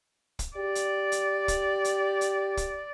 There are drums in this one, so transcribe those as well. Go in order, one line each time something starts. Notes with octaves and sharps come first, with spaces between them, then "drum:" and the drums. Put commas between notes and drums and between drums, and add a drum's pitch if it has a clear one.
drum: kick, hi-hat
G4 D5
drum: hi-hat
drum: hi-hat
drum: kick, hi-hat
drum: hi-hat
drum: hi-hat
drum: kick, hi-hat